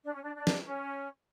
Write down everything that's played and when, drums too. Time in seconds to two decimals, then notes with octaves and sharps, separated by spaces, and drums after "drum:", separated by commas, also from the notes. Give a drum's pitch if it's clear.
0.04 D4
0.13 C#4
0.22 D4
0.35 D4
0.47 drum: snare
0.65 C#4